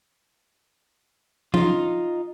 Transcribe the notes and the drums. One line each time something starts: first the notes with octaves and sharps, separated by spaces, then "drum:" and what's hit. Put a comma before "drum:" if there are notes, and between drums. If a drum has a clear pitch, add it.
D#4 F4, drum: tom F3